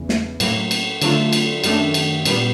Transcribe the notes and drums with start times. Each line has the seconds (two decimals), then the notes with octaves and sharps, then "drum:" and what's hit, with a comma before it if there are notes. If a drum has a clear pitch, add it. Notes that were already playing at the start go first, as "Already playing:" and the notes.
Already playing: E2 C#3 E3
0.09 drum: snare
0.40 A2 F#3 A#3, drum: cymbal
0.71 drum: cymbal
1.02 D3 F#3 A3 D4 F4, drum: cymbal
1.33 drum: cymbal
1.64 F#2 D#3 F#3 A3 D4, drum: cymbal
1.94 drum: cymbal
2.25 A#2 G3 B3, drum: cymbal